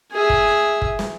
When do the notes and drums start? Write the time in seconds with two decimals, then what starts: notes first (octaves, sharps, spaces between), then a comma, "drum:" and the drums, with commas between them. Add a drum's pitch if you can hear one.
0.12 G#4 E5
0.30 drum: kick
0.82 drum: kick
0.99 drum: snare